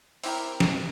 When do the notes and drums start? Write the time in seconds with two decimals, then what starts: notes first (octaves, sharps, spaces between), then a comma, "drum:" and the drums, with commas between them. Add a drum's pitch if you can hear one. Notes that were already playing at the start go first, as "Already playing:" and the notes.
0.24 C4 E4 G4 A#4, drum: open hi-hat
0.60 drum: snare